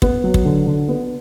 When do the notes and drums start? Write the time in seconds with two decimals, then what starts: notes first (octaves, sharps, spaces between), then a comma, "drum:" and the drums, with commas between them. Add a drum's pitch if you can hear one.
0.02 B3, drum: kick
0.24 F#3
0.34 drum: kick
0.45 D3
0.66 D3
0.88 B3